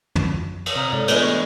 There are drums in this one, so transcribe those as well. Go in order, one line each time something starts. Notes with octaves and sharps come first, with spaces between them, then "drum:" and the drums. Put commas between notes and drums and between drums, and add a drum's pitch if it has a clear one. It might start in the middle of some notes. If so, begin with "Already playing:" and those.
drum: tom
drum: cymbal
C3 C#5 F5 A#5 D#6 F6
G#2 A4 D5
E3 G#3 A3 B3 D4, drum: cymbal
C#6